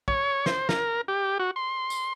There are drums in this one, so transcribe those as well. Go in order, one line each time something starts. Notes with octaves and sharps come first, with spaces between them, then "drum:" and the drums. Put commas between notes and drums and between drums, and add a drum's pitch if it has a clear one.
C#5, drum: kick
C5, drum: snare
A#4, drum: snare
G4
F#4
C6
drum: tambourine